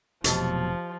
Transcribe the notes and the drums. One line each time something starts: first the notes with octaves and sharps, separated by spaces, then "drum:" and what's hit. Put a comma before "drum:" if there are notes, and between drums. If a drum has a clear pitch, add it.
F1 B2 F3 F#3 G4 D#5 A5, drum: hi-hat